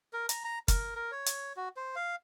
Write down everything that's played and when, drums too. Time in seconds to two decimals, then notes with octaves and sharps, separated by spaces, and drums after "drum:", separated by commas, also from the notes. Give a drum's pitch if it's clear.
0.13 A#4
0.29 A#5, drum: hi-hat
0.44 A#5
0.68 A#4, drum: kick, hi-hat
0.96 A#4
1.11 C#5
1.26 drum: hi-hat
1.57 F#4
1.77 C5
1.96 F5